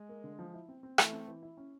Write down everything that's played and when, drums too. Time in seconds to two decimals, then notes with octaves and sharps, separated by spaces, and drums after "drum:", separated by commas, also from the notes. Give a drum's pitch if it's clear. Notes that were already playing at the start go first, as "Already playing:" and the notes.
Already playing: G#3
0.09 A#3
0.24 D3
0.39 F3
0.54 E4
0.69 C4
0.83 C4
0.98 E3 A3, drum: rim click
1.13 C4
1.28 E3
1.42 E4
1.57 C#4